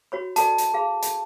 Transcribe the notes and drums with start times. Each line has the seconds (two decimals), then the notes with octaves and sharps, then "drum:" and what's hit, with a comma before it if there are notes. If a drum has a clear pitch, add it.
0.12 F#4 C#5 B5
0.36 F#4 A4 D5 A5, drum: hi-hat
0.58 drum: hi-hat
0.74 G#4 F5 B5
1.02 drum: hi-hat